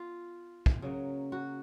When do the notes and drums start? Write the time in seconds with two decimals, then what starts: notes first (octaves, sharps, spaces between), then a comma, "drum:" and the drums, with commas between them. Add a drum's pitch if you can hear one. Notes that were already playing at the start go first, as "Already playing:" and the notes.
Already playing: B3 F4
0.66 drum: kick
0.82 C#3 F#3 A#3
1.32 F#4